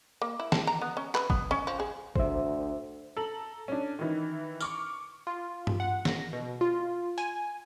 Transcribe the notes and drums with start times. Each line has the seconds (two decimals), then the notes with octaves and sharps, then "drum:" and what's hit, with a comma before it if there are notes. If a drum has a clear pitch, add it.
0.22 A#3
0.39 E4
0.52 A5, drum: snare
0.67 A#5
0.81 B3
0.97 C#4
1.15 B4, drum: clap
1.30 B3, drum: kick
1.51 C#4
1.67 F3
1.80 G#4
2.16 D2 C5 E5, drum: kick
3.17 A4 A#5 F#7
3.68 C#4 D4
3.99 D#3 E3
4.61 C#6 D6 F6, drum: tambourine
5.27 F4
5.67 drum: tom G2
5.80 F#5
6.05 A#6, drum: snare
6.33 B2
6.61 F4
7.18 G#5, drum: hi-hat